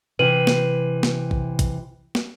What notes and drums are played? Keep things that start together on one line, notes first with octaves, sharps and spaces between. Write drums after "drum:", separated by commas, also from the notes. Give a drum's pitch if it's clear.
C3 E3 B4 D#7 F#7
drum: snare
drum: snare
drum: kick
drum: kick, hi-hat
drum: snare